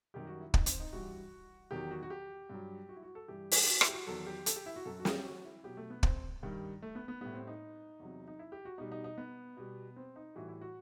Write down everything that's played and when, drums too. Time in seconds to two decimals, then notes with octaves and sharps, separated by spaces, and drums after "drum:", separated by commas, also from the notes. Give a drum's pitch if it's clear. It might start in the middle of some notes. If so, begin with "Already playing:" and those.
0.14 F#2 D#3 G3 G4
0.27 F#4
0.40 E4
0.54 D#4, drum: kick
0.66 C4, drum: hi-hat
0.80 D#4
0.93 G2 E3 G3 F#4
1.71 E2 D#3 F#3 G4
1.91 F#4
2.03 F#4
2.10 G4
2.50 G2 F#3
2.89 F#4
2.96 E4
3.03 F#4
3.15 A4
3.28 G2 E3 G3 G4
3.51 drum: open hi-hat
3.64 G4
3.68 F#4
3.81 E4, drum: rim click
3.88 G4
3.94 F#4
4.07 E2 D#3 F#3 A4
4.27 G4
4.46 A4, drum: hi-hat
4.56 G4
4.66 E4
4.76 F#4
4.86 F#2 F#3 A4
5.00 F#4
5.05 G4, drum: snare
5.24 F#4
5.44 E4
5.64 B2 F#3 G4
5.77 A3
5.90 B3
6.03 C4, drum: kick
6.43 G2 D#3 G3
6.82 A3
6.95 B3
7.08 B3
7.21 A2 G3 B3
7.34 C4
7.47 D#4
8.00 E2 C3 F#3
8.28 D#4
8.39 E4
8.52 G4
8.65 F#4
8.78 B2 G3 D#4
8.92 D#4
9.04 D#4
9.18 B3
9.57 B2 G3
9.96 C4
10.16 D#4
10.35 A2 E3 G3 F#4
10.48 E4
10.61 F#4